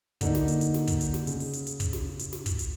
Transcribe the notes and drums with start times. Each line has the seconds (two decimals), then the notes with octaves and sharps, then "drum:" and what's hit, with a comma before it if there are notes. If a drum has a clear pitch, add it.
0.21 D3 A#3 D#4, drum: kick, hi-hat
0.35 drum: snare
0.48 drum: hi-hat
0.61 drum: hi-hat
0.74 drum: snare
0.87 drum: kick, hi-hat
1.01 drum: hi-hat
1.14 drum: snare
1.27 C#3, drum: hi-hat
1.40 drum: open hi-hat
1.53 drum: hi-hat
1.67 drum: hi-hat
1.80 drum: kick, hi-hat
1.93 drum: snare
2.19 drum: hi-hat
2.33 drum: snare
2.46 drum: kick, hi-hat
2.59 drum: hi-hat